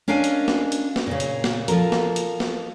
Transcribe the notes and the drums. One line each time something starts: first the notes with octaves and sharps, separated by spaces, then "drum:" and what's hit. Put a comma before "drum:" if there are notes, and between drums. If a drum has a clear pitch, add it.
C#4 D4 A#4 D#5 F5 G#5
drum: hi-hat
drum: snare
drum: hi-hat
drum: snare
A#2 C#3
drum: hi-hat
drum: snare
F3 A4 A#4, drum: hi-hat
drum: snare
drum: hi-hat
drum: snare